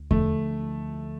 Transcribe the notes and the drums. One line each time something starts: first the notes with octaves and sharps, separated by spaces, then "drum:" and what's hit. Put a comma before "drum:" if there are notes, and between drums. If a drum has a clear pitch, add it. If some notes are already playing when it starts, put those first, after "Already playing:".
Already playing: D2
D3 F3 A3, drum: kick E2